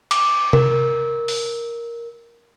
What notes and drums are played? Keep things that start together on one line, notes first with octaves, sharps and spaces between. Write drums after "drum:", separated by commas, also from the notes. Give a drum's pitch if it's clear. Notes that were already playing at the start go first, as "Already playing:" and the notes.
D6, drum: cymbal
A#4, drum: tom C3
drum: open hi-hat